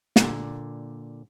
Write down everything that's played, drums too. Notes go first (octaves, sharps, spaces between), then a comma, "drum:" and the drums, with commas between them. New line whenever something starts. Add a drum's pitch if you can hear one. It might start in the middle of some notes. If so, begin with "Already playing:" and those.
A#2 D3, drum: snare